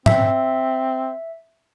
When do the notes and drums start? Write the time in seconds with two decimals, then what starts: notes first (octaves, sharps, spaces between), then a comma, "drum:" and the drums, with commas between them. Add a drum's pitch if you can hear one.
0.06 C4 E5, drum: tom G#2